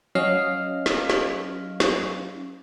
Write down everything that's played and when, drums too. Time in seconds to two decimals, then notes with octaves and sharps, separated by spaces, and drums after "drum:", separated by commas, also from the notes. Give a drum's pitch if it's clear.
0.15 F#3 C#4 D#5 F5 F6
0.86 drum: snare
1.10 drum: snare
1.80 drum: snare